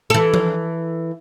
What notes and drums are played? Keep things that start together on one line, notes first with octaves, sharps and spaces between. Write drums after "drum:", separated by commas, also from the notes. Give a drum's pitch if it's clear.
E3 A4
drum: tom F3